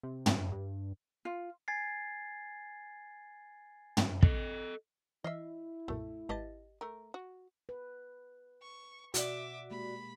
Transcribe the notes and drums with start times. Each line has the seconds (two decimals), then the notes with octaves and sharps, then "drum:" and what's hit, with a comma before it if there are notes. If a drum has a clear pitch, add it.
0.03 C3
0.26 drum: tom
0.52 G2
1.25 F4
1.68 G#5 G#6 A6 C7
3.97 drum: tom
4.23 A4 D#5, drum: kick
5.24 E3 E4 D#5 E5 F6 C7
5.88 B1 F#2 A#2 A3
6.29 G#1 G4 B4 D#5 A5 A6
6.81 A3 A#4
7.14 F#4
7.69 B4
8.62 C#6
9.14 B2 F#4 D5 E5 D6, drum: hi-hat
9.71 G#3 A#3 G4 B5